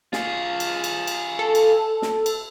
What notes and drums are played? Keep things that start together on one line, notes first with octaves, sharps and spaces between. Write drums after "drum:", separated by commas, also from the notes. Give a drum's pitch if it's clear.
F4 G#4, drum: snare
drum: cymbal
drum: cymbal
drum: cymbal
A4
drum: cymbal
drum: snare
drum: cymbal